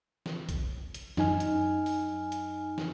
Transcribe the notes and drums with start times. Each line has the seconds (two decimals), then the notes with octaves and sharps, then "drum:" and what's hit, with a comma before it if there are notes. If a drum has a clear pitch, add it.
0.26 drum: snare
0.49 drum: kick A#1, hi-hat
0.94 drum: hi-hat
1.17 F#2 D#4 G#5 F6, drum: snare
1.40 drum: hi-hat
1.86 drum: open hi-hat
2.32 drum: hi-hat
2.78 drum: snare